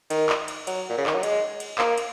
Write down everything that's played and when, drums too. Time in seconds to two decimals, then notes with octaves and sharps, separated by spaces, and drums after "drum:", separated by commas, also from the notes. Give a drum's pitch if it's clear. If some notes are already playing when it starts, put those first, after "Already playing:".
0.10 D#3, drum: cymbal
0.29 drum: clap
0.48 drum: cymbal
0.67 F#3, drum: cymbal
0.89 A#2
0.98 C#3
1.06 D#3, drum: clap
1.15 F#3
1.23 G#3, drum: cymbal
1.60 drum: cymbal
1.78 A#3, drum: clap
1.98 drum: cymbal